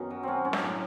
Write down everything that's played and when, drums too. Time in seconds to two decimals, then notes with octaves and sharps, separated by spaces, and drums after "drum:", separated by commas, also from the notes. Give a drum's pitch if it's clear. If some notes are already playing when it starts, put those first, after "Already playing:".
Already playing: F#2 D#3 B3 C#4
0.10 F#3
0.23 F#3 C4 C#4
0.45 A2 C#4
0.53 D4, drum: snare
0.62 A2